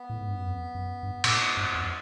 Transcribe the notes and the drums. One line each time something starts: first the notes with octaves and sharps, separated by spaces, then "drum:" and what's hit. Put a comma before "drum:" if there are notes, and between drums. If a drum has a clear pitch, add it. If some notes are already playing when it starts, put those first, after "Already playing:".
Already playing: B3
A2
G#2
G2
F#2
F2
F#2
G2
A#2, drum: cymbal
A2
G2
F2